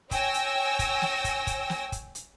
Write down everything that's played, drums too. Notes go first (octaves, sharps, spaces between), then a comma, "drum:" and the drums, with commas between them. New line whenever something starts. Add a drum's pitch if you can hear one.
C#5 G5 G#5 E6 A#6, drum: kick, hi-hat
drum: hi-hat
drum: kick, hi-hat
drum: snare
drum: kick, hi-hat
drum: kick, hi-hat
drum: snare
drum: kick, hi-hat
drum: hi-hat